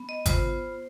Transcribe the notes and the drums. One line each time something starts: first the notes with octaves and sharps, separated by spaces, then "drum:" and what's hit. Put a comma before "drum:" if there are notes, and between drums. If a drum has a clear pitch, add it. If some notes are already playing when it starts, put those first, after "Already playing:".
Already playing: B3
D#5
B3 F4 C5, drum: kick G#1, hi-hat